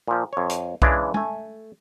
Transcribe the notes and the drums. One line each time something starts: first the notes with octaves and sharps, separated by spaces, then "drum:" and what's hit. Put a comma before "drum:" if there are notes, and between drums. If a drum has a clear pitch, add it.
A#2 F3
F2 C#5
drum: hi-hat
C#3 E3 G#3 D4, drum: kick B1
A3 G#5, drum: tom G#3